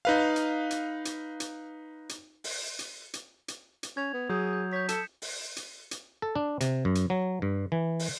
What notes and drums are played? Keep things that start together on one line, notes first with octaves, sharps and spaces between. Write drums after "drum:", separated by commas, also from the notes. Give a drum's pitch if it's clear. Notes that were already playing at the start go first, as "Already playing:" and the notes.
D#4 B4 F5
drum: hi-hat
drum: hi-hat
drum: hi-hat
drum: hi-hat
drum: hi-hat
drum: open hi-hat
drum: hi-hat
drum: hi-hat
drum: hi-hat
drum: hi-hat
C#4 G#6 F7
B3
F#3 G#4 D#6 G6
G6
C#5 G6 B6
A4 C#7 E7, drum: hi-hat
drum: open hi-hat
drum: hi-hat
drum: hi-hat
A4
D4
C3, drum: hi-hat
F#2
drum: hi-hat
F#3
G2
E3
drum: open hi-hat